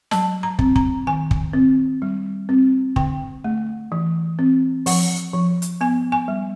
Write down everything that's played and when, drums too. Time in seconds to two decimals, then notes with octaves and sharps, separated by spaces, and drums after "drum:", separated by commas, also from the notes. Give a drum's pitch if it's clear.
0.11 F#3 A5, drum: snare
0.43 A#5
0.59 C4, drum: kick
0.76 A#5, drum: kick
1.07 D#3 G#5
1.31 drum: kick
1.53 C4
2.02 G3
2.49 C4
2.96 D3 G5, drum: kick
3.44 A3
3.92 E3
4.39 C4
4.86 F3 F#5, drum: open hi-hat
5.33 F3
5.62 drum: hi-hat
5.81 B3 G#5
6.12 G#5
6.28 G3